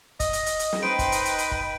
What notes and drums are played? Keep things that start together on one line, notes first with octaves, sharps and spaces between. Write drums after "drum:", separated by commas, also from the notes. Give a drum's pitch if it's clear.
D#5, drum: kick, hi-hat
drum: hi-hat
drum: hi-hat
drum: hi-hat
drum: snare
D#4 B4 C5 D#5 G5 D7
drum: kick, hi-hat
drum: hi-hat
drum: hi-hat
drum: hi-hat
drum: kick